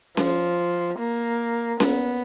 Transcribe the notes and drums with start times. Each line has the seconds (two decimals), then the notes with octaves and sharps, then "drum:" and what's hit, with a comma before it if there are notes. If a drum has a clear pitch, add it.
0.17 F3, drum: snare C#4
0.99 A#3
1.80 B3, drum: snare C#4